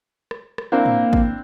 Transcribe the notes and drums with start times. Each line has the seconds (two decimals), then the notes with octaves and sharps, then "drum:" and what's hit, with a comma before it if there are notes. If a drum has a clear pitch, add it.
0.31 drum: rim click
0.58 drum: rim click
0.72 A#3 C4 D4 E4
0.86 drum: tom
1.13 drum: kick G#1